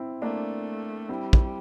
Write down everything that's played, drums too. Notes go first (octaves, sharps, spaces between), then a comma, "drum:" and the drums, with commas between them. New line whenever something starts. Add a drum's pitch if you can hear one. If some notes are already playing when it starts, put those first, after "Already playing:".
Already playing: C4 E4
A3 A#3 D4
G3 C4 E4
drum: kick